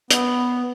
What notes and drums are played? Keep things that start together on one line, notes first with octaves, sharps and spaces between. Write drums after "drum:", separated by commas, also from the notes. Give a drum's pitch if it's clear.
B3, drum: hi-hat